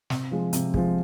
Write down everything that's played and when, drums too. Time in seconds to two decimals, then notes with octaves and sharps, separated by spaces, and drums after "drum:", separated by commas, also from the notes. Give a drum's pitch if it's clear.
0.10 C3, drum: snare
0.31 F3 G#3
0.53 C3, drum: hi-hat
0.74 F3 G#3, drum: kick